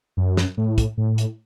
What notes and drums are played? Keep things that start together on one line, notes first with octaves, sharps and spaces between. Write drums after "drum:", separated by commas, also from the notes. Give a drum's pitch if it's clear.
F#2
drum: snare
A2
drum: kick, hi-hat
A2
drum: hi-hat